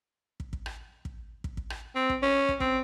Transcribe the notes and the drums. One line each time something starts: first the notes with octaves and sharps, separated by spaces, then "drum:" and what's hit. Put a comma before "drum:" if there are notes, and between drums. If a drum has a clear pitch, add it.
drum: kick
drum: kick
drum: rim click
drum: kick
drum: kick
drum: kick
drum: rim click
C4
drum: kick
C#4
drum: kick
C4, drum: kick